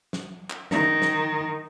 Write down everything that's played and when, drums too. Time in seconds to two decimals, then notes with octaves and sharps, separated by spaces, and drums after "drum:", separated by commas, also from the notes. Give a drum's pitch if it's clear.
0.13 drum: snare
0.50 drum: clap
0.71 D#3, drum: snare
1.02 drum: snare